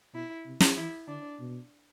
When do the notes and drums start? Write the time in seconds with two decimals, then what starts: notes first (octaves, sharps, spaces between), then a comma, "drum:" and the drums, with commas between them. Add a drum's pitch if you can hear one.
0.14 B2 E4
0.45 C3
0.60 drum: snare
0.77 E3 E4
1.07 D3 D4
1.39 B2